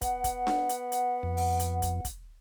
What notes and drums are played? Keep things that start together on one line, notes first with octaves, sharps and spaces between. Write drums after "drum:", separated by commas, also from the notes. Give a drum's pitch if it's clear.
B3 F#5, drum: kick, hi-hat
drum: kick, hi-hat
drum: snare D4
drum: hi-hat
drum: hi-hat
F2
drum: open hi-hat
drum: hi-hat
drum: kick, hi-hat
drum: kick, hi-hat